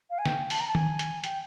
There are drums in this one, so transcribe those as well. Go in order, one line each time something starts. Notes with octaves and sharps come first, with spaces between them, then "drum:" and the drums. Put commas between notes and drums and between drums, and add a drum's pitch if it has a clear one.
F5
G#5
G5, drum: snare
A5, drum: open hi-hat
A#5
A5
G#5, drum: tom D#3
drum: hi-hat
G5, drum: hi-hat